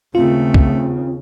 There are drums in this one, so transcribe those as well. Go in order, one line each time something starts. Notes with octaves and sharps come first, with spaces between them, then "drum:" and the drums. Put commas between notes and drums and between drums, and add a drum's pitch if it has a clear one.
D#2 C#3 A3 C4 F4
drum: kick C#2